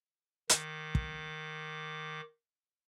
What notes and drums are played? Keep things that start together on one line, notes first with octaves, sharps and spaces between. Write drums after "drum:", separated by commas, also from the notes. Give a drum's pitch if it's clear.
D#3 D6, drum: hi-hat
drum: kick